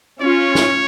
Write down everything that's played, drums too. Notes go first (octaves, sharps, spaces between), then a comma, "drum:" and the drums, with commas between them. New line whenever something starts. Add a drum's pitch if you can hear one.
C#4 F4 C#5
drum: snare